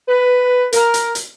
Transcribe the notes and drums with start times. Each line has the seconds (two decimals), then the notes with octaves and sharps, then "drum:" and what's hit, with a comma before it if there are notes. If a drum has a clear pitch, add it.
0.09 B4
0.73 A#4, drum: hi-hat
0.94 drum: hi-hat
1.15 drum: hi-hat